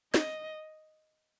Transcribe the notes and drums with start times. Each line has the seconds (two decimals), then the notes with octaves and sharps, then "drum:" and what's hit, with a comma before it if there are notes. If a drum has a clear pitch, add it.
0.14 D#5, drum: snare